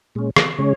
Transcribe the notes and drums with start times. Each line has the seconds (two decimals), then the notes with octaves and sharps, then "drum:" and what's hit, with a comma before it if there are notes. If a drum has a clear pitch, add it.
0.15 A#2 G#3 C#4
0.36 drum: rim click
0.59 C#3 G#3 C#4 C#5